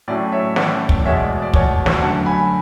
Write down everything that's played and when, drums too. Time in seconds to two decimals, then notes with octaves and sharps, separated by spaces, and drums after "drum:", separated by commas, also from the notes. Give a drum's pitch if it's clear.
0.08 A2 F#3 A3 C#4 D5
0.32 C#5 E5
0.56 A2 E3 A3 C#4 D5 F#5, drum: snare
0.89 drum: kick
1.05 E2 B2 G#3 C#5 E5
1.17 D5
1.42 D5
1.54 E2 B2 A3 C#5, drum: kick
1.86 drum: snare
2.02 F#2 D3 A3 F#5 A5
2.26 G#5 B5